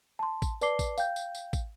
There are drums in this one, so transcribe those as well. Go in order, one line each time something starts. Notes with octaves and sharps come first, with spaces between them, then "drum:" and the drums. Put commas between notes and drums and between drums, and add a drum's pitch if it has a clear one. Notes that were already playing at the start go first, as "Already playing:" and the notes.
A5 C6
drum: kick, tambourine
B4 D5 A5 D6 C7 G7, drum: tambourine
drum: kick, tambourine
F5 G5 G6, drum: tambourine
drum: tambourine
drum: tambourine
drum: kick, tambourine